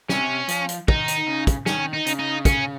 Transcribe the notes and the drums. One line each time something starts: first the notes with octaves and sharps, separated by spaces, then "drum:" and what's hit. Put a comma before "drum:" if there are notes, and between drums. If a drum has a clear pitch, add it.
C3 C#4, drum: snare
F3, drum: hi-hat
drum: hi-hat
D#3 D#4, drum: kick
drum: hi-hat
C#3
drum: kick, hi-hat
D#3 C#4, drum: snare
D#4
C#3, drum: hi-hat
D#4
C#4, drum: kick, hi-hat